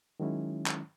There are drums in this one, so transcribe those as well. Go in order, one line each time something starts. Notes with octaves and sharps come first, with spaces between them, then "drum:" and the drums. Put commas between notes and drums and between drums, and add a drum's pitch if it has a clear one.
D#3 F#3 G#3 C#4 E4
drum: clap